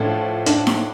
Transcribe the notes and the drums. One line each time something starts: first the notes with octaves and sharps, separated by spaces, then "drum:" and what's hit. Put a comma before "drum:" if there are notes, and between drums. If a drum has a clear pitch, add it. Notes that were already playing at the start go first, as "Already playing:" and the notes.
Already playing: A2 F3 A3 D4
D4, drum: hi-hat
drum: snare D#4